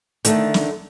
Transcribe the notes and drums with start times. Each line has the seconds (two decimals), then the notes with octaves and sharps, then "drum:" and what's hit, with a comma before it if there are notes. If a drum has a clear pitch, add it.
0.25 D3 D#3 A3, drum: hi-hat
0.54 drum: snare